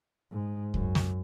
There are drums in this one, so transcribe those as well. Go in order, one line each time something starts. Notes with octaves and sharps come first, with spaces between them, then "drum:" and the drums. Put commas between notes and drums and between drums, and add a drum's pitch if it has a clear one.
G#2
F#2, drum: kick C2
drum: snare